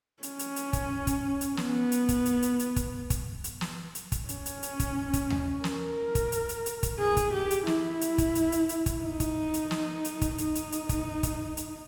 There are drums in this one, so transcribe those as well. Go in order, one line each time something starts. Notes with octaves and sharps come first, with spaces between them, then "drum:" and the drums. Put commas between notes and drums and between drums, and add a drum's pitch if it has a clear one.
C#4, drum: hi-hat
drum: hi-hat
drum: hi-hat
drum: kick, hi-hat
drum: kick, hi-hat
drum: hi-hat
B3, drum: snare
drum: hi-hat
drum: kick, hi-hat
drum: hi-hat
drum: hi-hat
drum: hi-hat
drum: kick, hi-hat
drum: kick, hi-hat
drum: hi-hat
drum: snare
drum: hi-hat
drum: kick, hi-hat
C#4, drum: hi-hat
drum: hi-hat
drum: hi-hat
drum: kick, hi-hat
drum: kick, hi-hat
drum: tom D#2
A#4, drum: snare
drum: kick, hi-hat
drum: hi-hat
drum: hi-hat
drum: hi-hat
drum: kick, hi-hat
G#4
drum: kick, hi-hat
G4
drum: hi-hat
E4, drum: snare
drum: hi-hat
drum: kick, hi-hat
drum: hi-hat
drum: hi-hat
drum: hi-hat
drum: kick, hi-hat
D#4
drum: kick, hi-hat
drum: hi-hat
drum: snare
drum: hi-hat
drum: kick, hi-hat
D#4, drum: hi-hat
drum: hi-hat
drum: hi-hat
drum: kick, hi-hat
drum: kick, hi-hat
drum: hi-hat